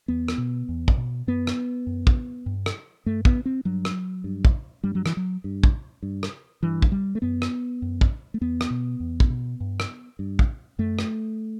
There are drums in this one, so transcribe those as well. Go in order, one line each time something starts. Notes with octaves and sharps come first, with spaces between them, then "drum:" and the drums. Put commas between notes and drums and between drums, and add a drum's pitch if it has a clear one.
E2 B3
drum: rim click
B2
E2
drum: kick
B2
F#2 B3
drum: rim click
F#2
drum: kick
G2
drum: rim click
G2 A3
B3, drum: kick
C4
G2 F#3
drum: rim click
G2
drum: kick
G2 G3
F#3
E3, drum: rim click
F#3
G2
drum: kick
G2
drum: rim click
G2 E3
drum: kick
G3
A3
F#2 B3
drum: rim click
F#2
drum: kick
A3
E2 B3
drum: rim click
B2
E2
drum: kick
B2
G2
drum: rim click
G2
drum: kick
F#2 A3
drum: rim click